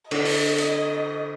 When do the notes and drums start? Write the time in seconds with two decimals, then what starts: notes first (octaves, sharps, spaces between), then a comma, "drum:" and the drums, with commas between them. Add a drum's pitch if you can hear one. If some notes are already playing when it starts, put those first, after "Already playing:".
0.11 D3 D#5, drum: cymbal
0.25 drum: open hi-hat
0.58 drum: hi-hat